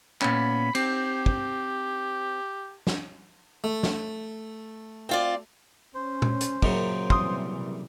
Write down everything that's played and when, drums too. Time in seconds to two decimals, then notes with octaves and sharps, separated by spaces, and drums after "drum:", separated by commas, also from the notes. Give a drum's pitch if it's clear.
0.22 A#2 B3 C#4 B5, drum: clap
0.75 C4 G4, drum: cymbal
1.26 drum: kick
2.87 drum: snare
3.64 A3
3.83 drum: snare
5.09 C4 F4 D5
5.95 C#4 C5
6.22 drum: tom A#2
6.41 drum: hi-hat
6.62 F#2 A#2 C#3, drum: kick
7.10 C3 E3 G3 C6 D#6, drum: kick